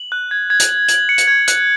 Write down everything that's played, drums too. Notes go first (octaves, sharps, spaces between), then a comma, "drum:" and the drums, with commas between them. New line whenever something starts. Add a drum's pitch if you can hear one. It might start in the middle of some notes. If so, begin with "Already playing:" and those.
Already playing: F#7
F#6
G#6
G#6
drum: hi-hat
F#7
F#7, drum: hi-hat
C#7
drum: hi-hat
G#6
F#6, drum: hi-hat